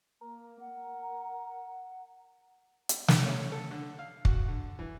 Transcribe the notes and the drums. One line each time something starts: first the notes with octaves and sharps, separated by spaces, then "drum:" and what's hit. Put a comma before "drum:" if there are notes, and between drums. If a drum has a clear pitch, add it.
A#3 A#4
F#5
drum: hi-hat
drum: snare
C#4
A4
D3
F5
F#4, drum: kick
D3
E3